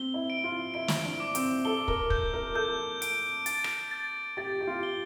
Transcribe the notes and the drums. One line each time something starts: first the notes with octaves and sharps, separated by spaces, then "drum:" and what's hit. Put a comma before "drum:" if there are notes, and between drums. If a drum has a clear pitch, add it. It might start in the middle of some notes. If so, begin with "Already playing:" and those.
Already playing: C4 G7
E4
D7
F4
E4 D7
drum: snare
D4
D6
C4, drum: hi-hat
A4 G7
A#4, drum: kick
G6, drum: kick
A#4
A4 G6
D7, drum: hi-hat
A6, drum: hi-hat
drum: rim click
A6
G4 A6
G4
F4
G7